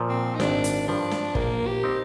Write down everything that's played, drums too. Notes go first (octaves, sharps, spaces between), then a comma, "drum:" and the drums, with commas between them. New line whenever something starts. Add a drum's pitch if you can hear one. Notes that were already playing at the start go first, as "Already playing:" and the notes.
Already playing: A#2 F3
C4
D#4
G#1 D4, drum: snare
drum: hi-hat
G2 F3 D4
drum: snare
A#1 A#3, drum: kick
G4
G3 C4 D#4